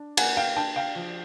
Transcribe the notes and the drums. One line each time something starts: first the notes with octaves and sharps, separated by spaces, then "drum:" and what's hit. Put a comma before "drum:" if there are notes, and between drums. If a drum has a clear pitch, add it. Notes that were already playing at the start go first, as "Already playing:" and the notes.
Already playing: D4
A#3 F#5 G#5, drum: cymbal
F5 G5
D4 G5 A5
F5 G5
F3